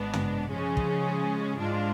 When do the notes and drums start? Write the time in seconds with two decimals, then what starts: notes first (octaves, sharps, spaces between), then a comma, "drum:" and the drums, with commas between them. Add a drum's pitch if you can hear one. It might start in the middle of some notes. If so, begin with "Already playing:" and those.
Already playing: G#1 G#2 G#3 B3 D4
0.14 drum: tom
0.50 C#3 F3 G#3 C#4 G#4
0.77 drum: kick
1.60 G#2 G#3 D4 F4